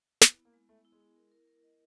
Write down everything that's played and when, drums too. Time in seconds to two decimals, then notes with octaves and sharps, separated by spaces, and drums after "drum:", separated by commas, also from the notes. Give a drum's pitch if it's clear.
0.21 B3 E4, drum: snare
0.37 B3
0.45 A#3
0.53 G#3
0.69 A3 B3
0.85 E4
0.92 G#3
1.00 E4
1.16 A#4
1.32 A#4
1.47 A#4
1.63 D#5